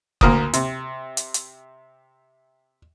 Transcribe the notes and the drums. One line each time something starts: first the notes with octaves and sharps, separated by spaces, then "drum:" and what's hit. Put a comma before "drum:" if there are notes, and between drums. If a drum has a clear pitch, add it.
D2 A#3 D#6, drum: kick F#1
C3, drum: hi-hat
drum: hi-hat
drum: hi-hat